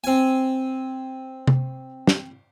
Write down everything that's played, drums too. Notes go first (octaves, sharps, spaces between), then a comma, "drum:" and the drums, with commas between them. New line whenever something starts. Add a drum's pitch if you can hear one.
C4 G#5
drum: tom C3
drum: snare